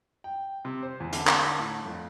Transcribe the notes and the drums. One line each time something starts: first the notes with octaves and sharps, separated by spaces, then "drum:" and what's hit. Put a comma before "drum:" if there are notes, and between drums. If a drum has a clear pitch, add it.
G5
C3
C5
E2
D3, drum: hi-hat
drum: clap
A2
F2